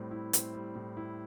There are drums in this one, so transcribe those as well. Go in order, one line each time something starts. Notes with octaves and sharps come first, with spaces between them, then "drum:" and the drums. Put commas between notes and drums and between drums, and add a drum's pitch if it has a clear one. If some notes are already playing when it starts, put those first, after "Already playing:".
Already playing: A2 G3 C4
E4
C4, drum: hi-hat
G3
A2
E4